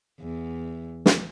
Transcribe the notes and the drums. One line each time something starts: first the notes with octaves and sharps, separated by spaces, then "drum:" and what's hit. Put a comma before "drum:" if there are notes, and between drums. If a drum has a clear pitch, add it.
E2
drum: snare